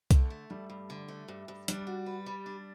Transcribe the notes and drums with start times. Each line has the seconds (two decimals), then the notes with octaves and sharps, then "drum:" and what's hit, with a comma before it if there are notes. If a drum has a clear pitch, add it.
0.11 D3 A3, drum: kick C2, hi-hat
0.30 A3
0.50 G2 G3
0.70 G2
0.90 D3
1.08 A3
1.28 G2
1.48 G2
1.68 G3 D4, drum: hi-hat
1.87 F#4
2.06 B4
2.26 G3
2.46 D4